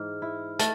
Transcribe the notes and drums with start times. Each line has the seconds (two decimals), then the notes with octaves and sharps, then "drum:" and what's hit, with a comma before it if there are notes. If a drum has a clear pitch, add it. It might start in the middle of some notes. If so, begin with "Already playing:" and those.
Already playing: G#2 E3 F6
0.22 E4
0.59 A3 A5 A6, drum: hi-hat